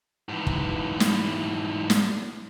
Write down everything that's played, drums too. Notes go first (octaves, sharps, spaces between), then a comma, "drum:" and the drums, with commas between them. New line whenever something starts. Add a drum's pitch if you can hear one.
G#2 E3
drum: kick
drum: snare
drum: snare